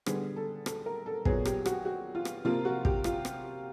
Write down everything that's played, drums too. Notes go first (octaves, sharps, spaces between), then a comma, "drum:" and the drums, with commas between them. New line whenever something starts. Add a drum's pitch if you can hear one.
D3 G3 B3 G#4, drum: rim click
A4
A4, drum: rim click
A#4
A4
A#2 F#3 B3 G#4, drum: kick
G4, drum: rim click
F#4, drum: rim click
F#4
F4
drum: rim click
C3 F3 A#3 F4
F#4
G4, drum: kick
F4, drum: rim click
drum: rim click